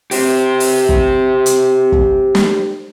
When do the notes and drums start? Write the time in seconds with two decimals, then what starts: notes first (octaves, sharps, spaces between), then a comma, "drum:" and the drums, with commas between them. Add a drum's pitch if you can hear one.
0.11 G4 C5, drum: open hi-hat
0.60 drum: open hi-hat
0.89 drum: kick
1.46 drum: hi-hat
1.92 drum: kick
2.35 drum: snare